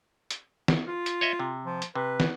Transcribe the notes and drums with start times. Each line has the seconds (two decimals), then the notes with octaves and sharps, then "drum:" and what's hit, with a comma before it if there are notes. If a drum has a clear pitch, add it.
0.30 drum: hi-hat
0.68 drum: snare
0.87 F4
1.06 drum: hi-hat
1.21 C#5 D#5 E5
1.40 C3
1.66 F3
1.82 drum: hi-hat
1.95 C3 B4
2.20 drum: snare